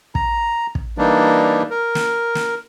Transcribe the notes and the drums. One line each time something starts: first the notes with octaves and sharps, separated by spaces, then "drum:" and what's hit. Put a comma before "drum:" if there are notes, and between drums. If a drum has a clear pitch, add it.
A#5, drum: kick
drum: kick
E3 G3 A#3 D4 D#4
A#4
drum: snare
drum: snare